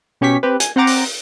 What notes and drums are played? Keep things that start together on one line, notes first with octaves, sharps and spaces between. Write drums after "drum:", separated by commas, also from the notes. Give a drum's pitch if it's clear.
B2 C#4 G4 C#6 B6
C4 G4 B4
G#5, drum: hi-hat
C4 C5 F#5 A#5 D6 A6
drum: open hi-hat